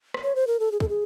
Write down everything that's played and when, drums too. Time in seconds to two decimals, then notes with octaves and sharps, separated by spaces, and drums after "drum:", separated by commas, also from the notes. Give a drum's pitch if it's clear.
0.14 drum: rim click
0.23 C#5
0.35 C5
0.47 A#4
0.60 A4
0.72 G#4
0.80 A4, drum: kick
0.89 G#4